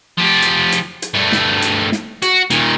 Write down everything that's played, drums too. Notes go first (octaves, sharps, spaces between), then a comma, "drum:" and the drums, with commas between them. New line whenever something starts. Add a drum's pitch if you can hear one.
F3 G4
drum: hi-hat
drum: hi-hat
drum: hi-hat
G2 A3
drum: snare
drum: hi-hat
drum: snare
F#4, drum: hi-hat
A#2 D#3, drum: hi-hat